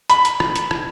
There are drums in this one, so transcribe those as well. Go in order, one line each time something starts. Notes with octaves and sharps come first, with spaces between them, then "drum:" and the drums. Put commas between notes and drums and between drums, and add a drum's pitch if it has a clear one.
B5, drum: hi-hat
drum: hi-hat
drum: rim click
drum: hi-hat
drum: rim click